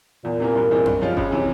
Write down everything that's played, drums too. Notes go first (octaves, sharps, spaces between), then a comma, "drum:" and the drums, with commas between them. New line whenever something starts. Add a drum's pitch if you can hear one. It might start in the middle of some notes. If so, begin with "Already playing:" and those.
E2 A#2
C3 E3 A#3
G2
E3 G#3 C4
G2, drum: tom F#2
C#3 F3 G#3 C#4 F4
C#2 C#3, drum: kick G1
C3 E3